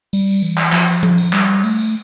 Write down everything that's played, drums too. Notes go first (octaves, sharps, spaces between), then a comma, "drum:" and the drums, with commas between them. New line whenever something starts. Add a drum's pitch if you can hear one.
G3, drum: tambourine
drum: tambourine
E3, drum: tambourine
drum: clap
F3, drum: clap
drum: tambourine
drum: tom F3
drum: tambourine
G3, drum: clap
A3, drum: tambourine
drum: tambourine